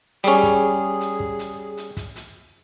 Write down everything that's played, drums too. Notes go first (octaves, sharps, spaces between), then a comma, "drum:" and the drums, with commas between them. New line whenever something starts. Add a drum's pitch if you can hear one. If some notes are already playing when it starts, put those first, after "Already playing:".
G3 C#4 G#4
drum: kick, hi-hat
drum: hi-hat
drum: kick
drum: hi-hat
drum: hi-hat
drum: kick, hi-hat
drum: hi-hat